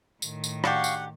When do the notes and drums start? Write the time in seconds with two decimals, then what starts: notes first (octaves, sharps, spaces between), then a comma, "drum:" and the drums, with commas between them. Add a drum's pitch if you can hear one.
0.22 A2 D#3, drum: tambourine
0.44 drum: tambourine
0.64 D4 F#4 G4 F5 F#5 C#6, drum: rim click
0.84 drum: tambourine